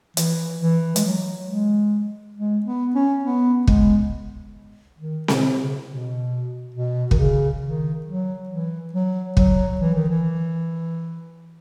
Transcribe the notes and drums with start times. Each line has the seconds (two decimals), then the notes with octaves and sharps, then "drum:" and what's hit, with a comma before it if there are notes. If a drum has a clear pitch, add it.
0.17 E3, drum: hi-hat
0.61 E3
0.96 G#3, drum: hi-hat
1.05 F#3
1.48 G#3
2.37 G#3
2.66 B3
2.95 C#4
3.24 B3
3.67 G#3, drum: kick
4.99 D#3
5.28 B2, drum: snare C4
5.57 C#3
5.86 B2
6.75 B2
7.11 D#3, drum: kick
7.18 C#3
7.62 D#3
8.06 F#3
8.49 E3
8.93 F#3
9.37 F#3, drum: kick
9.81 E3
9.95 D#3
10.09 E3